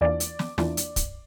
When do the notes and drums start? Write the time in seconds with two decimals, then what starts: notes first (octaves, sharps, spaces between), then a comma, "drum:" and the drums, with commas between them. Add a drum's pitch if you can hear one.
0.01 E2 E3 A#3 D4 F4 D5
0.20 drum: hi-hat
0.39 drum: snare
0.58 E2 E3 A#3 D4 F4, drum: snare
0.77 drum: hi-hat
0.96 drum: kick, hi-hat